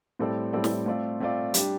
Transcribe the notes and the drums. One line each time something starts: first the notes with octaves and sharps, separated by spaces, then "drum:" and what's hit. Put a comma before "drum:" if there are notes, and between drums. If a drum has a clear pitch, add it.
A2 G3 C4 A4 D5
A2 G3 C4 A4 D5
drum: snare
A3 C4 F4 D5
A3 C4 F4 D5
G3 D4 G4, drum: hi-hat